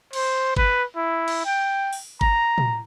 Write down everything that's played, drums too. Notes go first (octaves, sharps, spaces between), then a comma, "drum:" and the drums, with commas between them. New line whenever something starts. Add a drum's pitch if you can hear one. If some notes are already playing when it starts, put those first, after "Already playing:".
C5, drum: cymbal
B4, drum: kick G1
E4
drum: cymbal
G5
drum: open hi-hat
A#5, drum: kick G1
drum: tom